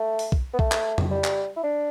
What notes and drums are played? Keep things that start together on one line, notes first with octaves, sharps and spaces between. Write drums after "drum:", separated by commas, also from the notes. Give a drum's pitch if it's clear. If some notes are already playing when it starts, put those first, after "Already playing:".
Already playing: A3
drum: open hi-hat
drum: kick B1
B3
A3, drum: kick B1
drum: clap
drum: tom F2
G3
drum: clap
E4
D4